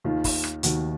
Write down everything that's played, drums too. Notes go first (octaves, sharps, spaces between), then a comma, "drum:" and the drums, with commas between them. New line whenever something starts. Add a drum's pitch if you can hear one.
D#2 D#3 F4
drum: kick, open hi-hat
drum: rim click
D#2 D#3 F#4, drum: hi-hat